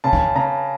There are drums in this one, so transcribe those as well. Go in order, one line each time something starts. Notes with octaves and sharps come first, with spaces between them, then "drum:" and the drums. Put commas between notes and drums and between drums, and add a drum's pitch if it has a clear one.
C#3 A5
drum: kick
C#3 A#5